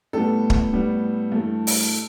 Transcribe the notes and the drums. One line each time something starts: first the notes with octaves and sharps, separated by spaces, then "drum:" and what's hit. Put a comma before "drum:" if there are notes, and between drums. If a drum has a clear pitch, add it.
A2 G3 B3 A4
drum: kick
A2 G3 B3
G2 E3 A3
drum: open hi-hat